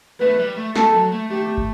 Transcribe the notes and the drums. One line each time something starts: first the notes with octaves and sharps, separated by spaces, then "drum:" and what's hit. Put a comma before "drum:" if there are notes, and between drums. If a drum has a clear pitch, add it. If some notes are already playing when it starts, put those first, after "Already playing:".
A3 B4
G3
A3
A3 A4, drum: snare
F#3
A3
A3 G4
drum: kick